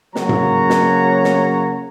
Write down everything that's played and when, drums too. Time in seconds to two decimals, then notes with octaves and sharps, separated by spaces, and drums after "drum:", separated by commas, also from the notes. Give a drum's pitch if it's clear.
0.15 C#3 F#3 A#3 C#5 F#5 A#5, drum: snare
0.29 drum: tom G#2
0.70 drum: snare
1.24 drum: snare